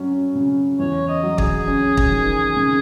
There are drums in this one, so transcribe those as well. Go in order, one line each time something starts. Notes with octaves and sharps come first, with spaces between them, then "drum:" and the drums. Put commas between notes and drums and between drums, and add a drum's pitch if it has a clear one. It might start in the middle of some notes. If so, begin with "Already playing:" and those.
Already playing: F#3 C#4
C#3
E2 C#5
D#5
F#3
G#4, drum: kick
C#4
drum: kick
D#3
C#3